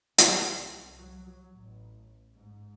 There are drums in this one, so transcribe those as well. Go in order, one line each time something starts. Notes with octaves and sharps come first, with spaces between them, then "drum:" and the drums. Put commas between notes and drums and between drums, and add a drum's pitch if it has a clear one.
D2, drum: hi-hat
C2
F#3
A1
G#2